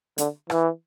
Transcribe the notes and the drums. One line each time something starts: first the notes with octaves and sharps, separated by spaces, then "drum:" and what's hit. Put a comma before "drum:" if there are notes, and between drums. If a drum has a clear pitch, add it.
D3, drum: hi-hat
E3, drum: rim click